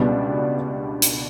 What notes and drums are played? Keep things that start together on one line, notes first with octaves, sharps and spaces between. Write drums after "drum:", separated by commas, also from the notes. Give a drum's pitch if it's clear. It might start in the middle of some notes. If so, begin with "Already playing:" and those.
Already playing: C#2 B2 G3 B3 D4
drum: hi-hat